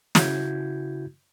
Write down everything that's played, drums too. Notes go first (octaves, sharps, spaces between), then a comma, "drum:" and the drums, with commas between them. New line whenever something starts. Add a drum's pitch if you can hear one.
C#3 E4 F#4 G6 G#6, drum: snare